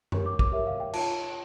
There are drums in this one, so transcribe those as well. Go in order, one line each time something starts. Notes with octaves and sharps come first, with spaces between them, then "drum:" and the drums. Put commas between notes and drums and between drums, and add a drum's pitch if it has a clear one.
G4 A#4 C#5 C#6, drum: tom F#2
D6
D6, drum: kick
G4 A#4 C#5 E5
F5
G5
F4 C#5 A5, drum: cymbal